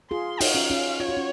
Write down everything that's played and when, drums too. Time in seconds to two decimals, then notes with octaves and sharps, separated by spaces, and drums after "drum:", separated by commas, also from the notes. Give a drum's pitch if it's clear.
0.11 F4 G#4 C6
0.41 D#4 F#4 F5, drum: open hi-hat
0.55 C#4 F4
0.70 C#4 F4
1.00 F4 C#5
1.09 F#4
1.17 C#4 F4